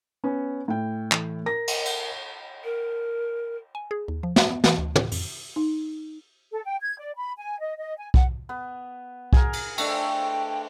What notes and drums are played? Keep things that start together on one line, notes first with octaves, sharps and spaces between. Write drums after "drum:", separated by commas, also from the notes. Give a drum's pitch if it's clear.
B3 C#4
A2 G5
E3 A3, drum: clap
A#4 A#6
drum: cymbal
drum: cymbal
A#4
G#5
G#4
D#2
F3
E5, drum: snare
B3
E3, drum: snare
D2
A2, drum: tom
F2, drum: open hi-hat
D#4
A4
G5
G#6
D5
B5
G#5
D#5
D#5
G#5
F#5, drum: kick B1
B3
G#4 A#4, drum: kick B1
drum: cymbal
A3 D4 A4 G5, drum: cymbal